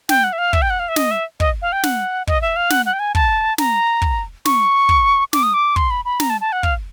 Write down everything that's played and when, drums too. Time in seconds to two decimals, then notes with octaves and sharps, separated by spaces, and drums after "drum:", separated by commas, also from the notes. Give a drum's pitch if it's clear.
0.09 G5, drum: snare
0.24 F#5
0.33 E5
0.38 F5
0.53 E5, drum: kick
0.62 G5
0.70 F#5
0.80 F5
0.88 E5
0.96 D#5, drum: snare
1.11 E5
1.40 D#5, drum: kick
1.62 F5
1.72 G5
1.84 F#5, drum: snare
2.27 D#5, drum: kick
2.42 E5
2.56 F5
2.70 F#5, drum: snare
2.86 F#5
2.93 G5
2.99 G#5
3.15 A5, drum: kick
3.58 A#5, drum: snare
4.02 drum: kick
4.45 C#6, drum: snare
4.89 drum: kick
5.33 D6, drum: snare
5.43 D#6
5.54 D6
5.76 C6, drum: kick
5.90 B5
6.05 B5
6.20 A#5, drum: snare
6.30 A5
6.41 A5
6.52 F#5
6.63 F5, drum: kick